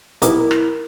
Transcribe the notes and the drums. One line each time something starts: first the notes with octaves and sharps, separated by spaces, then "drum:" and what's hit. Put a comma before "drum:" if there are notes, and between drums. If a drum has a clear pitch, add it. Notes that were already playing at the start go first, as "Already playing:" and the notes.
B1 D#4 E4 G4 A#4, drum: hi-hat
drum: rim click